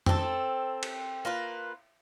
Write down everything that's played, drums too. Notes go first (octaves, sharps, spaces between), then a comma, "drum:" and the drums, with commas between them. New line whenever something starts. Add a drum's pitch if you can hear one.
C4 A4, drum: tom F2
drum: cymbal
A#3 F4 B4